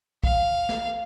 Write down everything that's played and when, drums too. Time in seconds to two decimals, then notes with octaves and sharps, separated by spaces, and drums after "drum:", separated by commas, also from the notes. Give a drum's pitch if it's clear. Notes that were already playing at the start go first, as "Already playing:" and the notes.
0.24 F5, drum: kick
0.69 drum: snare